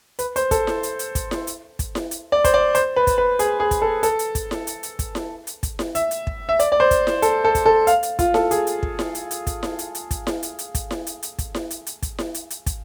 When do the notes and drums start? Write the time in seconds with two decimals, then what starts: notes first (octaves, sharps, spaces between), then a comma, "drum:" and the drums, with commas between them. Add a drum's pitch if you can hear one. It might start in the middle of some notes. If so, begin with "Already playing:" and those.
0.19 B4, drum: hi-hat
0.36 C5, drum: hi-hat
0.51 A4, drum: kick, hi-hat
0.67 drum: snare E4
0.83 drum: hi-hat
0.99 drum: hi-hat
1.15 drum: kick, hi-hat
1.31 drum: snare E4
1.47 drum: hi-hat
1.79 drum: kick, hi-hat
1.95 drum: snare E4
2.11 drum: hi-hat
2.32 D5
2.44 C5, drum: kick, hi-hat
2.54 D5
2.75 C5, drum: hi-hat
2.96 B4
3.07 drum: kick, hi-hat
3.18 B4
3.39 G#4, drum: hi-hat
3.60 G#4
3.71 drum: kick, hi-hat
3.82 A4
4.03 A4, drum: hi-hat
4.19 drum: hi-hat
4.35 drum: kick, hi-hat
4.51 drum: snare E4
4.67 drum: hi-hat
4.83 drum: hi-hat
4.99 drum: kick, hi-hat
5.15 drum: snare E4
5.47 drum: hi-hat
5.63 drum: kick, hi-hat
5.79 drum: snare E4
5.95 E5, drum: hi-hat
6.11 drum: hi-hat
6.27 drum: kick
6.49 E5
6.59 D5, drum: hi-hat
6.72 D5
6.80 C5
6.91 drum: kick, hi-hat
7.07 drum: snare E4
7.22 A4, drum: hi-hat
7.45 A4
7.55 drum: kick, hi-hat
7.66 A4
7.87 F5, drum: hi-hat
8.03 drum: hi-hat
8.19 F4, drum: kick, hi-hat
8.34 A4, drum: snare E4
8.51 G#4, drum: hi-hat
8.67 drum: hi-hat
8.83 drum: kick
8.99 drum: snare E4
9.15 drum: hi-hat
9.31 drum: hi-hat
9.47 drum: kick, hi-hat
9.63 drum: snare E4
9.79 drum: hi-hat
9.95 drum: hi-hat
10.11 drum: kick, hi-hat
10.27 drum: snare E4
10.43 drum: hi-hat
10.59 drum: hi-hat
10.75 drum: kick, hi-hat
10.91 drum: snare E4
11.07 drum: hi-hat
11.23 drum: hi-hat
11.39 drum: kick, hi-hat
11.55 drum: snare E4
11.71 drum: hi-hat
11.87 drum: hi-hat
12.03 drum: kick, hi-hat
12.18 drum: snare E4
12.34 drum: hi-hat
12.50 drum: hi-hat
12.66 drum: kick, hi-hat